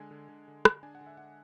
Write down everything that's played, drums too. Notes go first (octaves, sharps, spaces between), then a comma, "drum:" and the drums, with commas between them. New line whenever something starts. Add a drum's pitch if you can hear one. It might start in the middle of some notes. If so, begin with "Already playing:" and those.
Already playing: D3 G#3 G#5
D3
D3
D3
D3, drum: rim click
D4 G#5
F#5
D3
E5
D4 F#5